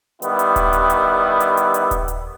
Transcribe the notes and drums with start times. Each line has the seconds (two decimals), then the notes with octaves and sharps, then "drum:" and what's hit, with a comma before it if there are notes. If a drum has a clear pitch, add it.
0.22 D#3 G3 B3 E4, drum: hi-hat
0.39 drum: hi-hat
0.56 drum: kick D#1, hi-hat
0.73 drum: hi-hat
0.90 drum: hi-hat
1.40 drum: hi-hat
1.57 drum: hi-hat
1.74 drum: hi-hat
1.91 drum: kick D#1, hi-hat
2.08 drum: hi-hat